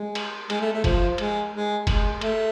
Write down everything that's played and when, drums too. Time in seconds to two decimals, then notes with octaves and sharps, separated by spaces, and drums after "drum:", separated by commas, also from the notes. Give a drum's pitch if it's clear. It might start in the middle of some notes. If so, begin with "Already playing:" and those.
Already playing: G#3
0.15 drum: cymbal
0.50 G#3, drum: cymbal
0.61 A3
0.73 A3
0.84 F3, drum: kick F#1, cymbal
1.18 G#3, drum: cymbal
1.53 G#3
1.87 G#3, drum: kick F#1, cymbal
2.21 A3, drum: cymbal